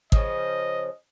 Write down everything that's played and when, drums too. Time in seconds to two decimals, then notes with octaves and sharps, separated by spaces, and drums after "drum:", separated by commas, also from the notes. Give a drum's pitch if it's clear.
0.12 C#3 F3 D#5, drum: kick